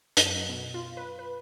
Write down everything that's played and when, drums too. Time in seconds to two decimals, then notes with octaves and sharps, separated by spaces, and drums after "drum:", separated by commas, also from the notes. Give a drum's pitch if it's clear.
0.17 F#2, drum: hi-hat
0.49 B2
0.74 F4
0.97 B4
1.19 B4